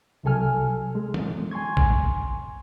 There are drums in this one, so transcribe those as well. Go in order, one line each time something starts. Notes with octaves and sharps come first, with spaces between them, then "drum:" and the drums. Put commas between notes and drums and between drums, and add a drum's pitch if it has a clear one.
C2 C3 F#3 A4 G#5 F6
G#3
drum: tom E3
G#5 C6 C#6 G#6
drum: kick